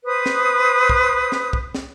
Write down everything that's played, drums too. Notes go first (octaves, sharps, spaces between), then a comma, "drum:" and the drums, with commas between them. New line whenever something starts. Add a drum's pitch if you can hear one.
B4 C5 D#6
drum: snare
drum: kick
drum: snare
drum: kick
drum: snare